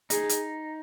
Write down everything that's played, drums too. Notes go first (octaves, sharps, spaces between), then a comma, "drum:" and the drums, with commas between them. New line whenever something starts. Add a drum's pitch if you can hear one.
D#4 G#4, drum: hi-hat
drum: hi-hat